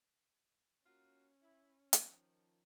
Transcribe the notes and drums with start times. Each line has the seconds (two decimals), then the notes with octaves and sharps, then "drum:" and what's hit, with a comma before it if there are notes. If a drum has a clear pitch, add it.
0.86 A#3 C#4 F4 F#4
1.42 E4
1.93 D#3 F3, drum: hi-hat